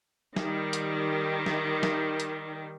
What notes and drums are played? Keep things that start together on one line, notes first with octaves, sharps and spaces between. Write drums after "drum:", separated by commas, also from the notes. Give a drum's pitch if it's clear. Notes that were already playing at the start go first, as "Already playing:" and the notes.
D#3 G3, drum: snare
drum: hi-hat
drum: snare
drum: snare
drum: hi-hat